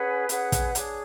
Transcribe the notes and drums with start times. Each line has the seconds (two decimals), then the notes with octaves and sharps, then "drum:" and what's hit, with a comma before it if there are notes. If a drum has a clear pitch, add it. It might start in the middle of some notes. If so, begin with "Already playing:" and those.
Already playing: C#4 G#4 B4 F#5
0.29 C#4 G#4 B4 F#5, drum: hi-hat
0.52 drum: kick, hi-hat
0.75 D4 G#4 C#5, drum: hi-hat